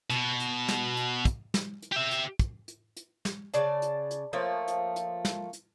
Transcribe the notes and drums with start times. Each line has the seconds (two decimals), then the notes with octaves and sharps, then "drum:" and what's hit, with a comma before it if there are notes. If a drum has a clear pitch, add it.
0.10 B2, drum: hi-hat
0.40 drum: hi-hat
0.68 drum: snare
0.97 drum: hi-hat
1.25 drum: kick, hi-hat
1.54 drum: snare
1.82 drum: hi-hat
1.92 G4 E5
2.11 drum: hi-hat
2.39 drum: kick, hi-hat
2.68 drum: hi-hat
2.97 drum: hi-hat
3.25 drum: snare
3.54 C#3 D5 A5, drum: hi-hat
3.82 drum: hi-hat
4.11 drum: hi-hat
4.33 F3 A3 A#3 C#5
4.68 drum: hi-hat
4.96 drum: hi-hat
5.25 drum: snare
5.53 drum: hi-hat